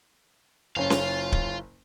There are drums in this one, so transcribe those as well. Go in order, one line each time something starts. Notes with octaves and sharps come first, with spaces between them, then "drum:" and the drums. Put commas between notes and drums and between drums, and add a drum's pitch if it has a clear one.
F#1 C#4 F4 F5
drum: snare C#4
drum: kick